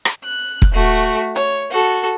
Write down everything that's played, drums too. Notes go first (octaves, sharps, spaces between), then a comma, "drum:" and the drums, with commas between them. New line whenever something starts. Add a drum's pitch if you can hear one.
drum: rim click
F#6
drum: kick E1
A3 F#4
C#5, drum: hi-hat
F#4 A4